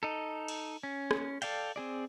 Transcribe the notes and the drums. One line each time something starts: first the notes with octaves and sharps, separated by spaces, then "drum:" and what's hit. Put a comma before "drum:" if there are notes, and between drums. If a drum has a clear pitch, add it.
D#4 A4
drum: cymbal
C#4
drum: rim click
A4 D5 F5 G5, drum: cymbal
C4 G#4 D5